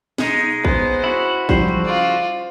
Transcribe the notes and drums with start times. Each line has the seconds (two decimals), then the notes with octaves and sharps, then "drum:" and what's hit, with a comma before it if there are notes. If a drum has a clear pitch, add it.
0.18 B1 G#3 D#4, drum: snare
0.65 B3 C#4 C5, drum: kick
1.04 E4 F#4
1.49 C#3 F3 G3 C5, drum: kick
1.68 drum: tom E3
1.84 F4 D5